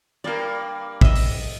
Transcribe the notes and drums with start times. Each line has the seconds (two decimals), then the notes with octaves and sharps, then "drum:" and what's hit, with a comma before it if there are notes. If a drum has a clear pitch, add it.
0.24 G2 A#3 A#4 D5
1.01 D#5 E5, drum: kick
1.16 drum: open hi-hat